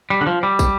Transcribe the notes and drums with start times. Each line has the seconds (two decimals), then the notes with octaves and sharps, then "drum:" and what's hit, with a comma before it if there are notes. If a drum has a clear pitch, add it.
0.10 G3
0.21 D3
0.27 F3
0.43 G3
0.59 drum: kick, tambourine